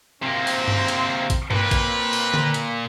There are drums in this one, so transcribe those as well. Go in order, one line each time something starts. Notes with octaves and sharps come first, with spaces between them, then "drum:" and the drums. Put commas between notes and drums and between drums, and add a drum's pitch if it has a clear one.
C3 A#3 C4
drum: open hi-hat
drum: tom G2
drum: hi-hat
drum: kick, hi-hat
A#2 C4 B4, drum: tom G2
drum: kick, hi-hat
drum: open hi-hat
drum: tom D3
drum: hi-hat